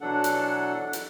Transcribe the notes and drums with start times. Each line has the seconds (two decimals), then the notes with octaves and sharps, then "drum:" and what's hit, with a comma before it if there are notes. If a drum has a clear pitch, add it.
0.01 B2 E3 F#3 D4 A4 F#5
0.24 drum: hi-hat
0.93 drum: hi-hat